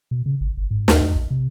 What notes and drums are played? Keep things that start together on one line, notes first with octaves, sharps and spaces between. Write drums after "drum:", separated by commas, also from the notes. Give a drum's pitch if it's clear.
B2
C#3
G#1
G1
G#2
D#2, drum: snare
F2
A#1
C3